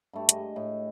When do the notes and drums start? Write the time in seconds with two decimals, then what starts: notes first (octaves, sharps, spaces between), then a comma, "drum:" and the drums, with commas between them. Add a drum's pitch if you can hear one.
0.13 G2 A3 G4
0.29 G#3 D#5, drum: hi-hat
0.56 A2